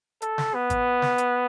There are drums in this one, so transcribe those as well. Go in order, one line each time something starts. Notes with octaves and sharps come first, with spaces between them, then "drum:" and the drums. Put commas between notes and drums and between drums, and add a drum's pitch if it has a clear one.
A4, drum: hi-hat
drum: snare
B3
drum: kick G#1, hi-hat
drum: snare
drum: hi-hat